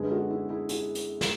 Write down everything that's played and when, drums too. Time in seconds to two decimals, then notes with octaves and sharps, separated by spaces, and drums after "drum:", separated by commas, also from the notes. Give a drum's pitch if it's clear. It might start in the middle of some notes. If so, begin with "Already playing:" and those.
Already playing: F#2 D3 G#3 B3 G#4 B4
0.10 F#4 A4
0.30 E4 G#4
0.49 E4 G#4
0.69 E4 G#4, drum: hi-hat
0.95 drum: hi-hat
1.21 drum: snare